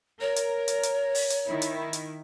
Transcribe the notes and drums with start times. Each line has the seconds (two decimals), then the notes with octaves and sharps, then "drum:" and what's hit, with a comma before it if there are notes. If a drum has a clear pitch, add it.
0.21 A#4 C#5
0.36 drum: hi-hat
0.68 drum: hi-hat
0.83 drum: hi-hat
1.15 drum: open hi-hat
1.30 drum: hi-hat
1.47 D#3 E4
1.62 drum: hi-hat
1.93 drum: hi-hat